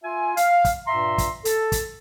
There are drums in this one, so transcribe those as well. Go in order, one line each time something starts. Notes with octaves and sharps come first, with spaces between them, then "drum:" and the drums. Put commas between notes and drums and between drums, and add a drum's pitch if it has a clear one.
F4 E5 G#5
F5, drum: hi-hat
drum: kick, hi-hat
G2 A#2 E5 A#5 C6
drum: kick, hi-hat
A4, drum: hi-hat
drum: kick, hi-hat